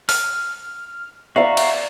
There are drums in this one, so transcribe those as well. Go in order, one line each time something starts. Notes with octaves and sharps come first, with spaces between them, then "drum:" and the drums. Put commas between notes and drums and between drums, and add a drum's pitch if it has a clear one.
F6, drum: open hi-hat
F#4 D5 E5 F5 A#5
drum: cymbal